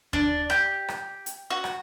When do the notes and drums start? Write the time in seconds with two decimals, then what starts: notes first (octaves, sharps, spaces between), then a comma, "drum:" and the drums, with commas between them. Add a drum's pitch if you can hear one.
0.13 D4, drum: kick D#2
0.50 G4, drum: rim click
0.88 drum: rim click
1.26 drum: hi-hat
1.50 F#4
1.64 drum: rim click